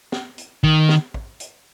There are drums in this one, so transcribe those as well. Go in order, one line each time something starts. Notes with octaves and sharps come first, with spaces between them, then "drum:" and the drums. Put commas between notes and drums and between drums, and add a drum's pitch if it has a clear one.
drum: snare
drum: hi-hat
D#3, drum: kick
drum: snare
drum: kick
drum: hi-hat